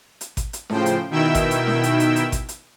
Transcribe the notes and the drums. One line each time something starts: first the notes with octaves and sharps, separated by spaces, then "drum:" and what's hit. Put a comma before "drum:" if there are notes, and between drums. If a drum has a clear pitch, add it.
drum: hi-hat
drum: kick G#1, hi-hat
drum: hi-hat
A2 C#3 F3 C5 G5, drum: snare
drum: hi-hat
B2 D#3 E4 E5 G5 E6
drum: kick G#1, hi-hat
drum: hi-hat
drum: snare
drum: hi-hat
drum: hi-hat
drum: hi-hat
drum: kick G#1, hi-hat
drum: hi-hat